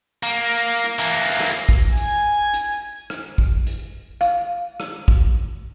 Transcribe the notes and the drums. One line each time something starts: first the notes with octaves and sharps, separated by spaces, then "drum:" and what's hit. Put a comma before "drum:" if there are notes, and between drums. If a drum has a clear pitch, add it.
A#3
drum: hi-hat
E3 A#3
drum: rim click
drum: kick
G#5, drum: hi-hat
drum: hi-hat
drum: rim click
drum: kick
drum: hi-hat
F5, drum: hi-hat
drum: rim click
drum: kick